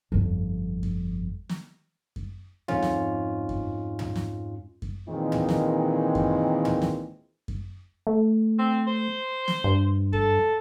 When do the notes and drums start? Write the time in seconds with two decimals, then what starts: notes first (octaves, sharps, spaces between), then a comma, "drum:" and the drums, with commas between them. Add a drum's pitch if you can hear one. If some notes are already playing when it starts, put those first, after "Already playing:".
0.12 G1 F2
0.83 drum: kick F#2
1.49 drum: snare
2.16 drum: kick F#2
2.68 F2 G#2 C#4 F4, drum: tom
2.82 drum: snare
3.49 drum: kick F#2
3.99 drum: tom
4.16 drum: snare
4.82 drum: kick F#2
5.09 A#2 D#3 E3 G#3 C4
5.32 drum: tom
5.49 drum: snare
6.15 drum: kick F#2
6.65 drum: tom
6.82 drum: snare
7.48 drum: kick F#2
8.07 A3
8.59 C4
8.87 C5
9.48 drum: snare
9.64 G2
10.13 A4, drum: kick F#2